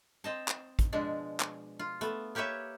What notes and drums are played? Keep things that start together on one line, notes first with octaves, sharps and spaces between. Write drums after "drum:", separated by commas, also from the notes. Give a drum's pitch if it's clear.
C4 D#5 A5
drum: clap
drum: kick, hi-hat
B2 F3 G#3 D4
drum: clap
F4
A3 B3, drum: hi-hat
A#3 G4 B4 C#5 E5